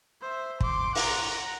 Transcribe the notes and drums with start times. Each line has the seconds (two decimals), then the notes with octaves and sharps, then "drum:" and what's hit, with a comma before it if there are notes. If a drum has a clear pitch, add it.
0.21 C5 E5
0.60 C6 D6, drum: kick
0.95 F#5 A#5, drum: open hi-hat